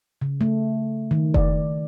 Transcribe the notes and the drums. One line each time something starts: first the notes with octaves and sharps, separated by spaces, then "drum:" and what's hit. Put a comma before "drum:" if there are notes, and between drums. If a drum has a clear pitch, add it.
C#3
A3
D#3
D5, drum: kick F1